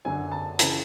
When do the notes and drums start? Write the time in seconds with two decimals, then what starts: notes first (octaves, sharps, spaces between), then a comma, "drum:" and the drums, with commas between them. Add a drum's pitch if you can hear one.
0.05 F#2 D3 F#3 G#5
0.32 A5
0.59 C#3 E3 A5, drum: hi-hat